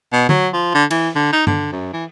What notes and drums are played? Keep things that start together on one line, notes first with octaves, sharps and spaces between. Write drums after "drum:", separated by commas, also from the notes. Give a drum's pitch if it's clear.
B2
F#3, drum: tom D3
F3
D3
E3, drum: cymbal
D3
D#4
D3, drum: tom G2
F#2
E3